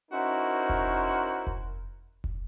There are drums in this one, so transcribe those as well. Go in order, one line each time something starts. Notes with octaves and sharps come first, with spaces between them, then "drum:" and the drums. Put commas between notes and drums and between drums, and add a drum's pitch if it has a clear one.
C#4 D#4 E4 F#4 A#4 C5
drum: kick F1
drum: kick F1
drum: kick F1